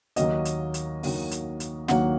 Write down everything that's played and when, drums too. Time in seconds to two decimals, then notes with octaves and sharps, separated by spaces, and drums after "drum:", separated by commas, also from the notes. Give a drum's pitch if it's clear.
0.16 D#2 D#3 F#3 A#3 D#5, drum: hi-hat
0.45 drum: hi-hat
0.74 drum: hi-hat
1.03 D#2 D#3 F#3 A#3, drum: open hi-hat
1.31 drum: hi-hat
1.60 drum: hi-hat
1.88 D#2 D#3 F#3 A#3 F#5, drum: snare